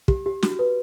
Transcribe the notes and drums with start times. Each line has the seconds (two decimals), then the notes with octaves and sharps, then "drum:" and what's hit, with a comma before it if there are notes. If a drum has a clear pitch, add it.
0.08 G4, drum: kick
0.26 G4
0.42 F#4, drum: snare
0.59 B4